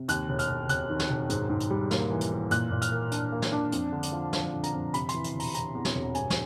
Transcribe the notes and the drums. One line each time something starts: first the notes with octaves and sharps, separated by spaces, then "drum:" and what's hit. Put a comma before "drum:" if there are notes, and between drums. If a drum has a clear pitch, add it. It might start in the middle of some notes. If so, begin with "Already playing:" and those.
Already playing: C3
D#2 F#6, drum: hi-hat
E1
F6, drum: hi-hat
E1
E1 F#6, drum: hi-hat
D#3
drum: snare
E1
G#2, drum: hi-hat
G#2
drum: hi-hat
G3
A#3, drum: snare
E3
drum: hi-hat
E3
A#2 F#6, drum: hi-hat
A#2
F6, drum: hi-hat
A#3
D4, drum: hi-hat
A#3
drum: snare
D4
F2, drum: hi-hat
D3
drum: hi-hat
F3
F3, drum: snare
D3
A#5, drum: hi-hat
F2
C3 B5, drum: hi-hat
C6, drum: hi-hat
E3
drum: hi-hat
E1
A#5, drum: open hi-hat
E3 A#5, drum: hi-hat
E2
drum: snare
E1
G2 G#5, drum: hi-hat
drum: snare